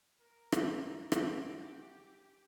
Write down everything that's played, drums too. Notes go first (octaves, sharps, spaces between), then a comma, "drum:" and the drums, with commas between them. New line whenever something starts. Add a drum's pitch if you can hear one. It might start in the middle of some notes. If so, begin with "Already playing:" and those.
A#4
drum: rim click
F#4 G4 G#5 D6, drum: rim click